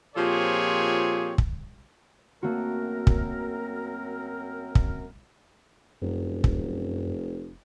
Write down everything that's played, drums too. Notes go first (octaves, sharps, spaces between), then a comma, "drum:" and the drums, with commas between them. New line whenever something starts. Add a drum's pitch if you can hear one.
A#2 F3 C4 G4 G#4 C#5
drum: kick
F#2 A3 A#3 C4 F#4 A#4
drum: kick
drum: kick
F1 F#2
drum: kick